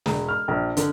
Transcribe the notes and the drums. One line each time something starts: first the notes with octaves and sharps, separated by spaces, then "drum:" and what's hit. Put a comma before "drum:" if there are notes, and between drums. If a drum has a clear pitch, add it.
E1, drum: snare
F6
A#1
D3, drum: hi-hat